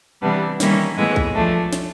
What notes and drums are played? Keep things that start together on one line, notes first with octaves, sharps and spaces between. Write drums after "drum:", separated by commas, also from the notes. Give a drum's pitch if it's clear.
C3 E3 G3 B3 D4
D#3 G3 A#3 C#4 E4, drum: snare
A2 E3 G#3 B3
drum: kick
F3 A3 D4
drum: snare